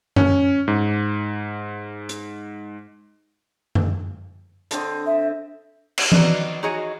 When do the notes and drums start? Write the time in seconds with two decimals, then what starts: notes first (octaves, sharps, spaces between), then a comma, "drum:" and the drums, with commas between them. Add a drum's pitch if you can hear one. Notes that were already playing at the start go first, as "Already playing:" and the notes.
0.16 C#4, drum: tom F#2
0.68 G#2
2.09 drum: hi-hat
3.75 drum: tom F#2
4.71 D3 C4 D#5, drum: hi-hat
5.06 E5
5.98 drum: cymbal
6.12 D#4 F#4 B4 D5 D#5, drum: tom E3
6.63 D#4 F#4 G#4 C#5 D#5